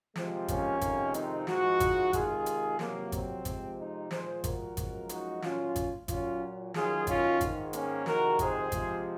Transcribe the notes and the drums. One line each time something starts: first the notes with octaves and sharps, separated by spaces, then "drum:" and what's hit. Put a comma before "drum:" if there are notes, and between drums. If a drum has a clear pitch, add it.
C3 F3 G#3 C4, drum: snare
A#3 C#4, drum: kick, hi-hat
F2 C3 D#3 G#3, drum: kick, hi-hat
C4 D#4, drum: hi-hat
G#2 F3 G#3 D#4 F#4, drum: snare
drum: kick, hi-hat
C3 D#3 G#3 F4 G#4, drum: kick, hi-hat
drum: hi-hat
F2 C3 F#3 A#3, drum: snare
C4, drum: kick, hi-hat
C3 F3 G#3, drum: kick, hi-hat
C4 D#4
A#2 F3 G#3 G#4 C5, drum: snare
F#4 A#4, drum: kick, hi-hat
F#2 F3 G#3, drum: kick, hi-hat
D#4 F#4, drum: hi-hat
A#2 F#3 C#4 F4, drum: snare
drum: kick, hi-hat
A#2 F#3 C#4 F4, drum: kick, hi-hat
F#2 D#3 F#3 F4 G#4, drum: snare
C#4 F4, drum: kick, hi-hat
G#2 D#3 G#3, drum: kick, hi-hat
A#3 C#4, drum: hi-hat
F2 C3 D#3 G#3 F#4 A#4, drum: snare
G#4 C5, drum: kick, hi-hat
C3 F3 G#3, drum: kick, hi-hat